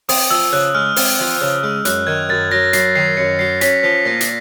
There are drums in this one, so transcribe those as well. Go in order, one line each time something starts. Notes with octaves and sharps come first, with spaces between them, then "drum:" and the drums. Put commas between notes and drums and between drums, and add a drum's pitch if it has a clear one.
C4 D#6, drum: open hi-hat
F3 E6
C#3 F#6
G#3 F6
C4, drum: open hi-hat
F3
C#3
G#3
F#2 F#6, drum: hi-hat
D#3 G#6
F#2 A6
F#3 A#6
F#2 C7, drum: hi-hat
D#3 C7
F#2 C#7
F#3 C7
C#4 B6, drum: hi-hat
F3 B6
A#2 A#6
drum: hi-hat